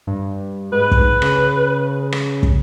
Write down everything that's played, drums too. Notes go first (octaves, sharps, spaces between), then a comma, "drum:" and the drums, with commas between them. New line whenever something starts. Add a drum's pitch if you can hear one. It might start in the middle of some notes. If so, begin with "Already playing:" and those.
G2
G#2 B4
drum: kick
C#3, drum: rim click
drum: rim click
drum: kick